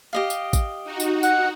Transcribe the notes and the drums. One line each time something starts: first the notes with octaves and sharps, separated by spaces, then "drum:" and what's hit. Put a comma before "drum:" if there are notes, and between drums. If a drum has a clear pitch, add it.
G4 D#5 F5
drum: tambourine
drum: kick A1, tambourine
D#4 F#4
drum: tambourine
F#5, drum: tambourine